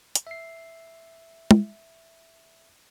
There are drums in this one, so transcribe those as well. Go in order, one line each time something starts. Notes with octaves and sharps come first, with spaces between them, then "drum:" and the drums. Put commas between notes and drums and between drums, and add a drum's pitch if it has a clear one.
drum: hi-hat
E5 C7
drum: tom